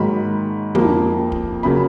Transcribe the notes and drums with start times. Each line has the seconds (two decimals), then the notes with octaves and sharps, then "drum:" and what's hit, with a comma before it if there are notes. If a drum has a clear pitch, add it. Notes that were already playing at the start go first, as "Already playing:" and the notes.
Already playing: G#2 D#3 F#3 A#3 B5
0.75 F2 F3 A#3, drum: tom
1.32 drum: kick
1.63 C#3 F#3 A#3 B5